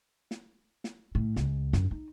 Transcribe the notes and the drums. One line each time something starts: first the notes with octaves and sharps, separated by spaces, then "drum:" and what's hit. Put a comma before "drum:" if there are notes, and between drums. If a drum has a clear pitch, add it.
drum: snare
drum: snare
A2
C#2, drum: snare
F#2, drum: snare
D#4